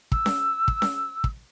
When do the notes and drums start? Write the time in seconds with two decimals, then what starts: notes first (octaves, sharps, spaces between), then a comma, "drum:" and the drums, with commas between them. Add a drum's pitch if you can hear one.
0.12 E6, drum: kick
0.26 drum: snare C#4
0.68 drum: kick
0.82 drum: snare C#4
1.24 drum: kick